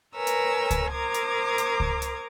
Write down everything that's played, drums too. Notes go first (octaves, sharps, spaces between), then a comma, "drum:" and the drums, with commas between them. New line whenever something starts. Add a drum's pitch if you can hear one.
A#4 B4 C#5 G#5 A#5 E6
drum: hi-hat
drum: kick C#2, hi-hat
A#4 C5 A#5 D6 D#6 G#6
drum: hi-hat
drum: hi-hat
drum: kick C#2
drum: hi-hat